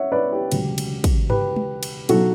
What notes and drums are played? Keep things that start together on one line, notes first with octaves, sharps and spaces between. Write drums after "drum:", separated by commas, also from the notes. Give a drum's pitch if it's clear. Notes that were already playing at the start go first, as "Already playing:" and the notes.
Already playing: C#5 E5 F#5
B4 D5
G4
E1 D2 C#3 F#3, drum: cymbal
drum: cymbal
drum: kick, cymbal
G4 B4, drum: tom G2
drum: tom G#3
drum: cymbal
B1 B2 F#3 F#4 A4, drum: cymbal